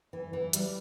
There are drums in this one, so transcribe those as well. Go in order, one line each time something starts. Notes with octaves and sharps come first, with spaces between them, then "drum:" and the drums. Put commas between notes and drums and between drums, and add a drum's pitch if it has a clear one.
E3
E3
G3, drum: hi-hat